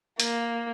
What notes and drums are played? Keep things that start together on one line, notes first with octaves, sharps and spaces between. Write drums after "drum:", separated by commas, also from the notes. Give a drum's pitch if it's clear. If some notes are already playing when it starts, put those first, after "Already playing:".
A#3, drum: hi-hat